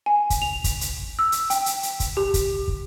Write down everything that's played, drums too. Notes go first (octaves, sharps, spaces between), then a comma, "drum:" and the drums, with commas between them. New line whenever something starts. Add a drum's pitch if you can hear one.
G#5
drum: kick, hi-hat
F7
drum: kick, hi-hat
drum: hi-hat
E6
drum: hi-hat
G5, drum: hi-hat
drum: hi-hat
drum: hi-hat
drum: kick, hi-hat
G4
drum: kick, hi-hat
drum: kick